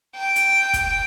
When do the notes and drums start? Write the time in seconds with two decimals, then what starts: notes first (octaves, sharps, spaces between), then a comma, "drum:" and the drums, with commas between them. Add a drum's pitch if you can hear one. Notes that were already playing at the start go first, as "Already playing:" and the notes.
0.17 G5
0.36 drum: hi-hat
0.73 drum: kick, hi-hat